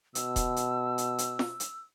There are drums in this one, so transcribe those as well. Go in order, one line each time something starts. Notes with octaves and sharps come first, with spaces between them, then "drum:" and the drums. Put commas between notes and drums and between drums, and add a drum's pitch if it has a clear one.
B2 E6, drum: hi-hat
drum: kick D#1, hi-hat
drum: hi-hat
drum: hi-hat
drum: hi-hat
drum: snare
drum: hi-hat